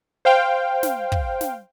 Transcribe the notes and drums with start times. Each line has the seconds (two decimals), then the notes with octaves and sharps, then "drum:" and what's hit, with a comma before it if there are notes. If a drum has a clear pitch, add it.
0.25 C5 F5 G5
0.83 drum: snare
1.12 drum: kick
1.41 drum: snare